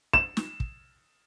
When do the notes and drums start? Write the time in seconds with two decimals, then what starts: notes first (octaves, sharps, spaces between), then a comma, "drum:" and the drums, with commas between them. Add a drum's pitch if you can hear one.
0.13 E7, drum: kick
0.37 drum: snare
0.60 drum: kick